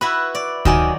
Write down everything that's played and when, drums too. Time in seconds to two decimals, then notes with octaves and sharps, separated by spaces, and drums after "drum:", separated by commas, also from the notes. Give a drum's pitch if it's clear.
0.01 E4 F#4 B4 B5
0.35 D5
0.65 D#3 F#3 D#4 F#4 D5 G#5, drum: kick D2